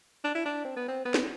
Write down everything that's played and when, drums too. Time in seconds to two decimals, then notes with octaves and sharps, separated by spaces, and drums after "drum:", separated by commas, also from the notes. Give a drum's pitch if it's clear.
0.24 D4
0.35 E4
0.46 D4
0.65 C4
0.76 B3
0.88 C4
1.05 B3
1.14 drum: snare